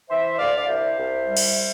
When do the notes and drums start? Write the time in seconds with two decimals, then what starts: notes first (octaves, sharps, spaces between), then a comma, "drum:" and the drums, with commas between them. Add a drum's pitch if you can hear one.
0.10 E3 C5 E5
0.38 D2 D5 F5
0.57 D5
0.67 C2 C5 E5
0.96 C2
1.26 G3
1.37 drum: cymbal